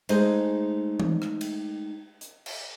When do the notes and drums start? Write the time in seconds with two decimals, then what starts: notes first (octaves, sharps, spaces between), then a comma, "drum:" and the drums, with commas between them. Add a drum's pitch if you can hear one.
0.09 G#3 A3 D#4 G#4 C5 D#5, drum: cymbal
1.00 drum: tom E3
1.22 drum: rim click
1.41 drum: cymbal
2.21 drum: hi-hat
2.46 drum: cymbal